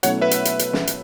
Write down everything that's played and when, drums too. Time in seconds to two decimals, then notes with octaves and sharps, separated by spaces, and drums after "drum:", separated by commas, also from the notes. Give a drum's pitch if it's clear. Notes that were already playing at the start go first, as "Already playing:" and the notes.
0.03 B2 F#3 A3 C#4 E4 C#5 F#5, drum: hi-hat
0.22 B4 E5
0.31 drum: hi-hat
0.45 drum: hi-hat
0.59 drum: hi-hat
0.73 drum: snare
0.87 drum: hi-hat